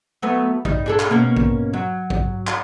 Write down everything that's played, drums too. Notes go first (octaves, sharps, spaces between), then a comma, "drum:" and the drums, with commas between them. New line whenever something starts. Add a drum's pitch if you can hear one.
F#3 A3 B3
G3 D#4, drum: kick A1
D4 G#4 A4
drum: clap
B2 A#3 C#4
drum: kick A1
F#3
drum: kick A1
drum: clap